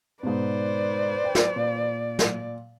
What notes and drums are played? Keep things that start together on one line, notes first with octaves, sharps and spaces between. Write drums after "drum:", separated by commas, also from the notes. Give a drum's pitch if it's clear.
G#2 B2 B4 C5 D5
G5
drum: snare
A#2
drum: snare